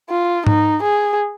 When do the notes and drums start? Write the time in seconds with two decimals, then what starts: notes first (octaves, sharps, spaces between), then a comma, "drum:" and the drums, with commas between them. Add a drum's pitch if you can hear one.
0.10 F4
0.47 D#4, drum: tom G#2
0.83 G#4